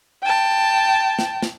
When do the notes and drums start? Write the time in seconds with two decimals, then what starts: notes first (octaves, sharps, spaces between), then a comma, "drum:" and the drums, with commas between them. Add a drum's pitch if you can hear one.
0.23 G5 A5
1.19 drum: snare
1.42 drum: snare